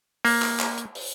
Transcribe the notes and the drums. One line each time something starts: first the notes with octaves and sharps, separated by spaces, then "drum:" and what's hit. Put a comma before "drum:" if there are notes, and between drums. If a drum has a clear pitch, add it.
A#3, drum: open hi-hat
drum: clap
drum: clap
drum: hi-hat
drum: open hi-hat